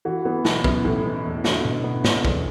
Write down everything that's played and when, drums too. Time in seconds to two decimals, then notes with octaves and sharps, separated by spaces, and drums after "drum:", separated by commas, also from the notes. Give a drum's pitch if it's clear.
0.05 E3 F#4
0.25 E3 B3
0.45 B2 E3, drum: snare
0.64 F#2 B3, drum: kick
0.85 A2 E3
1.05 E3 B3
1.25 E2 A3
1.44 D3 F#4, drum: snare
1.65 B2
1.84 B3
2.04 B2, drum: snare
2.25 E2, drum: kick